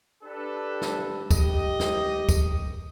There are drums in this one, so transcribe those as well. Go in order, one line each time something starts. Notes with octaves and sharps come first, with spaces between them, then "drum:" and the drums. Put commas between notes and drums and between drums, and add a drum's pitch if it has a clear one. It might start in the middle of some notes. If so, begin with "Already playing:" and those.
D4 G4 A4 B4
drum: snare
G4 D#5, drum: kick, tambourine
drum: snare
drum: kick, tambourine